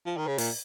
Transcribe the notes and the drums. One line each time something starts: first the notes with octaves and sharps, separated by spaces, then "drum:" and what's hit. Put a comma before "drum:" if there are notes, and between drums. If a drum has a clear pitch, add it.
F3
D#3
C#3
A#2, drum: open hi-hat